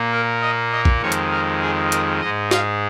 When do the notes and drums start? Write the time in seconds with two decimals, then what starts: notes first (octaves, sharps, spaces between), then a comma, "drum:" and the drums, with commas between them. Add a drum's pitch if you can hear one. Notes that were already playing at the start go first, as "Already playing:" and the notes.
Already playing: A#2 A#3
0.12 A#4
0.42 D#5
0.72 D#5
0.85 drum: kick
1.01 F2 D#3 G#3 C#5
1.12 drum: hi-hat
1.31 A#4
1.62 G#4
1.92 A#4, drum: hi-hat
2.21 G#2 G#3 D#5
2.51 F5, drum: snare